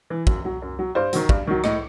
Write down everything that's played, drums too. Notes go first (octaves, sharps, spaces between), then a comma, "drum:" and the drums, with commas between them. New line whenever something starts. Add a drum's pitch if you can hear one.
E3
F#2, drum: kick
F#3
F#2
F#3
G2 C5
D#3 F#3, drum: hi-hat
G2, drum: kick
D#3 F#3
A2 D#5, drum: rim click